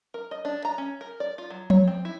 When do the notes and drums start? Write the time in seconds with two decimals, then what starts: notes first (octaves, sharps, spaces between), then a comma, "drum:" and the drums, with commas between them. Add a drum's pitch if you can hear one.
0.14 A#4
0.31 D#5
0.45 D4
0.65 A#5
0.78 C#4
1.01 A#4
1.20 D5
1.38 F4
1.50 F#3
1.70 C#5, drum: tom F3
1.87 C4
2.05 E4